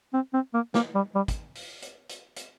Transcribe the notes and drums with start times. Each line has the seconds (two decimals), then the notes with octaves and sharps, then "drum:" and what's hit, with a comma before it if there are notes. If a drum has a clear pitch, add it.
0.14 C4
0.34 C4
0.54 A#3
0.74 A#3, drum: snare
0.95 G3
1.15 G3
1.28 drum: kick, hi-hat
1.55 drum: open hi-hat
1.82 drum: hi-hat
2.09 drum: hi-hat
2.36 drum: hi-hat